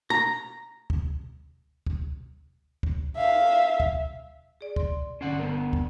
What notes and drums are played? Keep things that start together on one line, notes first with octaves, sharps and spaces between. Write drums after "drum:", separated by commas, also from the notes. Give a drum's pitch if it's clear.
A#5
drum: kick
drum: kick
drum: kick
E5 F5
drum: kick
G#4 D5
C6, drum: kick
G1 D3 C#4 D5 F#5 C7
B3 D4 A#4
drum: kick